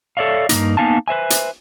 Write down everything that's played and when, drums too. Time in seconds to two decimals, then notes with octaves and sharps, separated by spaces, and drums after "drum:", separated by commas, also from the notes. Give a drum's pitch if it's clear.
0.17 A4 C#5 D5 E5 F5
0.49 G2 C3 A#3 D#4, drum: hi-hat
0.77 A#3 B3 D#4 F5 G#5 A5
1.08 B4 C5 E5 G#5
1.30 drum: hi-hat